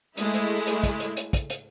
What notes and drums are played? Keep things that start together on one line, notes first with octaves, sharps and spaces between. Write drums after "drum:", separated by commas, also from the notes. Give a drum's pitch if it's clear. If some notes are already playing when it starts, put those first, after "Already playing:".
G#3 A3 E4, drum: hi-hat
drum: hi-hat
drum: hi-hat
drum: kick, hi-hat
drum: hi-hat
drum: hi-hat
drum: kick, hi-hat
drum: hi-hat